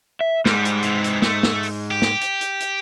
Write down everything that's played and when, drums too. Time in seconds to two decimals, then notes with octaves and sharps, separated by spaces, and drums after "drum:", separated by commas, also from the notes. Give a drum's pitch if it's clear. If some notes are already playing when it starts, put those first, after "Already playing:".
0.21 E5
0.46 G#2 G3, drum: snare
0.65 drum: hi-hat
0.83 C3 E3, drum: hi-hat
1.04 drum: hi-hat
1.22 A3, drum: snare
1.43 drum: snare
1.63 drum: open hi-hat
1.91 G4
2.02 drum: snare
2.21 drum: hi-hat
2.41 drum: hi-hat
2.60 drum: hi-hat